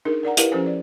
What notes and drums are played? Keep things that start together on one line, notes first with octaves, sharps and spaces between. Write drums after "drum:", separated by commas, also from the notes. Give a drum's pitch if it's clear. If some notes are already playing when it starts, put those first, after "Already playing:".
D4 D#4 G#4 A#4
A#4 D5 F#5 A#5
E4 G4 A#4 B4 F5, drum: hi-hat
F3 C#4 G4 A4 C5 G#5
D5